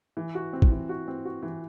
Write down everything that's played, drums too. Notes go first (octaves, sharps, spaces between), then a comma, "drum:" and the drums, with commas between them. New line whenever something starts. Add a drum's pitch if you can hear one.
E3
F#4
C4
drum: kick A#1
E3
F#4
C4
F#4
E3